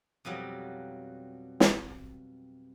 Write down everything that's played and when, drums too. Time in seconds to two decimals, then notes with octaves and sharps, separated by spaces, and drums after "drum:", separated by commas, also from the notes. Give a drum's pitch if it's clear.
0.25 F2 B2 F#3 G3
1.60 drum: snare